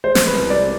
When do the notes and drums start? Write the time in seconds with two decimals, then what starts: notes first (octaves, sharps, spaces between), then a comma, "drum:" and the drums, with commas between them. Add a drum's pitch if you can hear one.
0.04 G#3 C5
0.15 drum: snare
0.27 B4
0.35 C2
0.50 D5